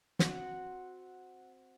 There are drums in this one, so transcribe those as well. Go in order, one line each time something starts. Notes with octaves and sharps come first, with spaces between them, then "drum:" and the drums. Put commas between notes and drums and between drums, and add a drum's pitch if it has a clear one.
C4 F#4 F#5, drum: snare